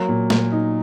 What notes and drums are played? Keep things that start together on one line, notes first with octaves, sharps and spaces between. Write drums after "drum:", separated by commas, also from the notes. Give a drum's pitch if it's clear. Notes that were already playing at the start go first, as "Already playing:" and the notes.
Already playing: F#3 A#3
A#2
A#2, drum: snare
D#4